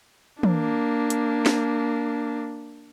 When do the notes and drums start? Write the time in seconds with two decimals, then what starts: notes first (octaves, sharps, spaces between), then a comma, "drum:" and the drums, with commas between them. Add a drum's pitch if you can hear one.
0.43 A#3 D4, drum: tom
1.10 drum: hi-hat
1.46 drum: snare